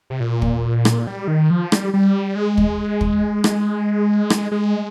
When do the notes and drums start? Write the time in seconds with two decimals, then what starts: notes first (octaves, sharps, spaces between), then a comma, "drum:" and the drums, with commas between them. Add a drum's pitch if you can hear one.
0.10 C3
0.20 A#2
0.42 drum: kick
0.85 drum: rim click
1.07 G3
1.28 D#3
1.50 F3
1.72 G3, drum: rim click
1.94 G3
2.36 G#3
2.58 drum: kick
3.01 drum: kick
3.44 drum: rim click
4.30 drum: rim click
4.52 G#3